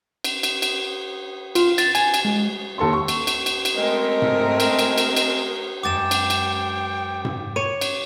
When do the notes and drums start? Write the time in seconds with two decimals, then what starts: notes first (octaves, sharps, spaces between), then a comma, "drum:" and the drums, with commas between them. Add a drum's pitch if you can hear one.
0.24 drum: cymbal
0.43 drum: cymbal
0.62 drum: cymbal
1.55 F4, drum: cymbal
1.78 A6, drum: cymbal
1.95 G#5, drum: cymbal
2.14 drum: cymbal
2.25 G#3
2.78 D#2 A4 A5 C6
2.93 C#6
3.08 drum: cymbal
3.27 drum: cymbal
3.46 drum: cymbal
3.65 drum: cymbal
3.76 G#3 A3 C4 A#4 D#5
4.22 drum: tom G#2
4.60 drum: cymbal
4.79 drum: cymbal
4.98 drum: cymbal
5.17 drum: cymbal
5.83 F#2 G#3 F#5 G5 D6 A6 E7
6.11 drum: cymbal
6.30 drum: cymbal
7.25 drum: tom G#2
7.56 C#5 D#7
7.81 drum: cymbal